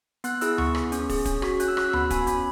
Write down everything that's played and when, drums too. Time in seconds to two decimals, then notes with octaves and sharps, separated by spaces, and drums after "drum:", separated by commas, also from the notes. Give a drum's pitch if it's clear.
0.24 B3 F#6, drum: hi-hat
0.41 E4 G#4 E6, drum: hi-hat
0.58 B3 C#6, drum: tom D2
0.75 G#4, drum: rim click
0.92 C#4, drum: hi-hat
1.09 G#4, drum: kick, open hi-hat
1.25 C#4, drum: kick, hi-hat
1.42 F#4, drum: rim click
1.60 C#4 F#6, drum: hi-hat
1.68 E6
1.77 F#4 F#6, drum: rim click
1.85 E6
1.93 B3 B5, drum: tom D2
2.10 F#4 G#5, drum: kick, hi-hat
2.27 C#4 B5, drum: hi-hat